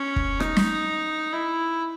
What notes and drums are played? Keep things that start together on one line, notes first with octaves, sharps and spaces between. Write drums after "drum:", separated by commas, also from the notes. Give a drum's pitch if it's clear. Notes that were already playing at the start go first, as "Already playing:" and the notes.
Already playing: C#4
drum: kick
D#4, drum: rim click
drum: snare
E4